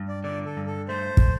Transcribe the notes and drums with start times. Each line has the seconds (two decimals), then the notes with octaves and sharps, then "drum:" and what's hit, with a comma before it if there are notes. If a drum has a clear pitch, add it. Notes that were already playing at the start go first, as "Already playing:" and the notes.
Already playing: G2
0.08 D5
0.24 D3 D5
0.45 A4
0.57 G2
0.67 A4
0.88 A3 C5
1.17 drum: kick